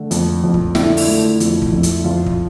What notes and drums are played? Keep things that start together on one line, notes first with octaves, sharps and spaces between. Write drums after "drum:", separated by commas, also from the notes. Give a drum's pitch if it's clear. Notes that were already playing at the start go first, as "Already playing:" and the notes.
Already playing: D3 A3
F2, drum: hi-hat
F2
drum: kick
D3 E4, drum: snare
drum: open hi-hat
A3
F2, drum: hi-hat
drum: kick
F2
drum: hi-hat
F2 F4
drum: kick